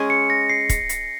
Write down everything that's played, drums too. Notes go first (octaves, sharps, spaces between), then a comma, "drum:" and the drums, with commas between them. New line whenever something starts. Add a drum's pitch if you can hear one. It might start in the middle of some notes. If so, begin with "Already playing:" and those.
Already playing: G#3 C#4 G#4 D#5
C#7
A#6
C7
drum: kick, hi-hat
drum: hi-hat